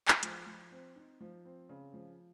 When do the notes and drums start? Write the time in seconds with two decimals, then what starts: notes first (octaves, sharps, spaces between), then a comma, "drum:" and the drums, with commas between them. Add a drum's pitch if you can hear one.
0.08 drum: clap
0.23 F3, drum: hi-hat
0.46 F3
0.72 C4
0.96 D#4
1.20 F3
1.45 C4
1.69 C#3
1.93 F3